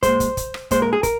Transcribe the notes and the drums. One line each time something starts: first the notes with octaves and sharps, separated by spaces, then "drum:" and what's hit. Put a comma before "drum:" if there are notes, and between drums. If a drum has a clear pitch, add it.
A#2 G#3 C5, drum: kick, hi-hat
drum: kick, hi-hat
drum: kick, hi-hat
drum: rim click
A#2 G#3 C5, drum: kick, hi-hat
A#4
G#4
A#4, drum: kick, hi-hat